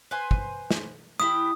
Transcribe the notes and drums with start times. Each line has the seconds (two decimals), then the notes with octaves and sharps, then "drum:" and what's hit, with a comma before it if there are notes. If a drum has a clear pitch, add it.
0.11 B4 C5 G#5
0.31 drum: kick
0.71 drum: snare
1.20 E3 E4 G4 D#6